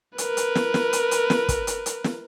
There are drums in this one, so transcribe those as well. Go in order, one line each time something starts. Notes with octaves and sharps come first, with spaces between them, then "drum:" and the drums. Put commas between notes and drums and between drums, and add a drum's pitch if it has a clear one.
A#4 B4, drum: hi-hat
drum: hi-hat
drum: snare
drum: snare
drum: hi-hat
drum: hi-hat
drum: snare
drum: kick, hi-hat
drum: hi-hat
drum: hi-hat
drum: snare